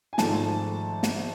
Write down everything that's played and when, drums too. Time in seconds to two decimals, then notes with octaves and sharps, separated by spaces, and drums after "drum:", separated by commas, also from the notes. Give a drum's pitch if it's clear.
0.13 G#5
0.18 G#1 G#2 F3 A3 A5, drum: snare
1.03 drum: snare